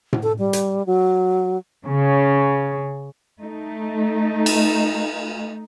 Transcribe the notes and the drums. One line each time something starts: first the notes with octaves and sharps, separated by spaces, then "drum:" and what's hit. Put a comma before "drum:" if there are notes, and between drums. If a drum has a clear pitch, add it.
drum: tom A2
A4
G3
drum: hi-hat
F#3
C#3
A3 D#4
drum: cymbal